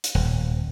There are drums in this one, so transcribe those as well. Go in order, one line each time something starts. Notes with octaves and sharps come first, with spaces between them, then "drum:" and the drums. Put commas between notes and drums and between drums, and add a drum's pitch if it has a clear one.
drum: hi-hat
D#1